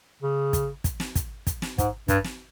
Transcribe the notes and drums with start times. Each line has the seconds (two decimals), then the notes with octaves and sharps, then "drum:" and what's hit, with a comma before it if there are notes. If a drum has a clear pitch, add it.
0.22 C#3
0.53 drum: kick, hi-hat
0.84 drum: kick, hi-hat
1.00 drum: snare
1.15 drum: kick, hi-hat
1.47 drum: kick, hi-hat
1.62 drum: snare
1.78 G#2, drum: kick, hi-hat
2.08 G2, drum: kick, hi-hat
2.25 drum: snare